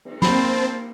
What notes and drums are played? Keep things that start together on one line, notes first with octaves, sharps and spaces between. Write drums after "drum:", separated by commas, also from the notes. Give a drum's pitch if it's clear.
drum: cymbal
A#3 C4 C5 A5 B5, drum: snare